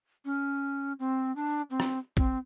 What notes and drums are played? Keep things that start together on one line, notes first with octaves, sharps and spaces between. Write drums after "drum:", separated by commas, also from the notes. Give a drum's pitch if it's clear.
C#4
C4
D4
C4
drum: rim click
C4, drum: kick